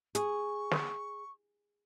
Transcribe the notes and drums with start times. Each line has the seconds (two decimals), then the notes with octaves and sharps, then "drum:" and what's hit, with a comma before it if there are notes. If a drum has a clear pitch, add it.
0.15 G#4 C#6, drum: hi-hat
0.71 drum: snare